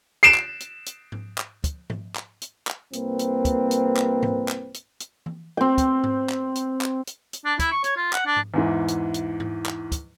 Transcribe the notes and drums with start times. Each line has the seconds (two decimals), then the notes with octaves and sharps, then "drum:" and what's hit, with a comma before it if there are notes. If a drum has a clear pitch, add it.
0.23 C7 D7 E7
0.35 drum: clap
0.60 drum: hi-hat
0.86 drum: hi-hat
1.12 drum: tom G#2
1.38 drum: clap
1.64 drum: kick, hi-hat
1.90 drum: tom G#2
2.16 drum: clap
2.41 drum: hi-hat
2.67 drum: clap
2.93 C2 A#3 C4 B4, drum: hi-hat
3.19 drum: hi-hat
3.45 drum: kick, hi-hat
3.71 drum: hi-hat
3.97 drum: clap
4.23 drum: tom G#2
4.48 drum: clap
4.74 drum: hi-hat
5.00 drum: hi-hat
5.26 drum: tom E3
5.57 C4 G5
5.78 drum: kick, hi-hat
6.04 drum: tom G#2
6.30 drum: clap
6.55 drum: hi-hat
6.81 drum: clap
7.07 drum: hi-hat
7.33 drum: hi-hat
7.45 D4
7.59 E4, drum: kick, hi-hat
7.71 C#6
7.84 C#5, drum: hi-hat
7.96 F4
8.13 F#5, drum: clap
8.26 D4
8.37 drum: tom G#2
8.54 E2 G#2 E3
8.88 drum: hi-hat
9.14 drum: hi-hat
9.40 drum: tom G#2
9.66 drum: clap
9.92 drum: kick, hi-hat